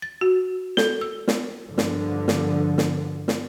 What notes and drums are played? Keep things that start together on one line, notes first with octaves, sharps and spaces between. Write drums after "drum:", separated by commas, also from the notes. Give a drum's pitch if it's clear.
A6
F#4
A4, drum: snare
E6
drum: snare
G2 D3 F3
drum: snare
drum: snare
drum: snare
drum: snare